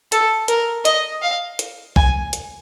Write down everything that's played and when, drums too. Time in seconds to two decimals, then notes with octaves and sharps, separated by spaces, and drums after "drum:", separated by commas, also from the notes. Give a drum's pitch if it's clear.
0.12 A4, drum: hi-hat
0.48 A#4, drum: hi-hat
0.85 D#5, drum: hi-hat
1.22 F5
1.59 drum: hi-hat
1.96 G#5, drum: kick B1
2.33 drum: hi-hat